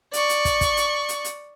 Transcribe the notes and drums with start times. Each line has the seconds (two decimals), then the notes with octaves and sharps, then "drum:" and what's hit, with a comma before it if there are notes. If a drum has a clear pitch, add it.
0.13 D5 C#6, drum: hi-hat
0.29 drum: hi-hat
0.45 drum: kick, hi-hat
0.61 drum: kick, hi-hat
0.77 drum: hi-hat
1.09 drum: hi-hat
1.24 drum: hi-hat